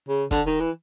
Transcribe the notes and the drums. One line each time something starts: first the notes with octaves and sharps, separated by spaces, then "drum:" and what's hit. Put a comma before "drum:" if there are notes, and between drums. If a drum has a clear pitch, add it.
C#3
D3, drum: kick, hi-hat
D#3
E3